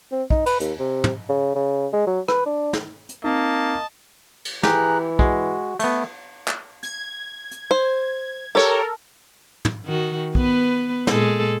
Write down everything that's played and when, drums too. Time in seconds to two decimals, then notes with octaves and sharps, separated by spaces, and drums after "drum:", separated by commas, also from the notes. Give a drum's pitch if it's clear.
0.12 C4
0.30 D#4, drum: kick
0.46 B4, drum: cymbal
0.60 D#2, drum: hi-hat
0.79 C3
1.04 drum: tom
1.29 C#3
1.55 C#3
1.93 G#3
2.07 F#3
2.28 B4, drum: rim click
2.46 D4
2.73 drum: snare
3.09 drum: hi-hat
3.24 A#3 C4 D#4 D#5 A5
4.45 drum: cymbal
4.63 E3 G4 G#4 A#5 F#6, drum: snare
5.19 G#3 F#4, drum: kick
5.79 A3 B3, drum: cymbal
6.48 drum: clap
6.83 G#6, drum: hi-hat
7.51 drum: hi-hat
7.71 C5
8.55 G4 A4 A#4 C#5
9.65 drum: tom
9.86 D#3 F#4
10.35 B3 B4, drum: kick
11.07 A#2 G#3 A4, drum: snare